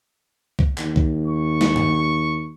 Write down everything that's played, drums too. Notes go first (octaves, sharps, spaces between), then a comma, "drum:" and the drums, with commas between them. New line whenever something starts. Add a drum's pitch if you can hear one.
drum: kick C2
D#2, drum: clap
drum: kick C2
C#6
drum: snare
drum: tom